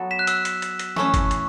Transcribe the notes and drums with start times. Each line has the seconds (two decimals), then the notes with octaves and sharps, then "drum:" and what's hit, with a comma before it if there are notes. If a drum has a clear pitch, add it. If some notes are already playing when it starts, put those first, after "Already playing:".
Already playing: F#3 B3 F#4 A4
0.11 B6 E7
0.19 F#6
0.27 E6, drum: hi-hat
0.45 drum: hi-hat
0.62 drum: hi-hat
0.79 drum: hi-hat
0.96 E3 A3 C#4 C#6, drum: snare
1.14 drum: kick F#1, hi-hat
1.31 drum: hi-hat